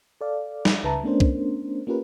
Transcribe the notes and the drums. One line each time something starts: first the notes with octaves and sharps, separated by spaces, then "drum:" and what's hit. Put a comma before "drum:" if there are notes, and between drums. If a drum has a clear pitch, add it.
A4 D5 F5
drum: snare
C#2 C#3 B4 E5 A5 A#5
A3 B3 C#4 D4 A#4 C5
drum: kick
A#3 C#4 F4 G4 A#4 B4